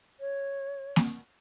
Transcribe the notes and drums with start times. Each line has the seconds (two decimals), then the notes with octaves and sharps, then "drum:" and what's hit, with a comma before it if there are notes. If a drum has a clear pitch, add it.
0.20 C#5
0.96 drum: snare A#3